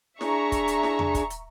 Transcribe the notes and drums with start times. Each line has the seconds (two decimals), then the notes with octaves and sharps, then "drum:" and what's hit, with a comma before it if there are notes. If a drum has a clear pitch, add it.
0.21 D4 G#4 E5 A#5 C#6, drum: snare E4
0.52 drum: kick, hi-hat
0.68 drum: hi-hat
0.83 drum: snare E4
0.99 drum: tom E2
1.15 drum: kick, hi-hat
1.30 drum: hi-hat